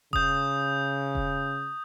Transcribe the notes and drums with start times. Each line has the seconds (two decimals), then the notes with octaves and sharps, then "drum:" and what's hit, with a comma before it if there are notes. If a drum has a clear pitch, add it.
0.13 C#3 D#6 G6, drum: kick E1
1.15 drum: kick E1